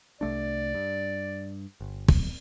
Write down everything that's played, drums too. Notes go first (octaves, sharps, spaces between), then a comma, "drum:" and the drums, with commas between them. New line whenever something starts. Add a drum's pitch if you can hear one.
C2 A3 D4 D5
G2
G1
drum: kick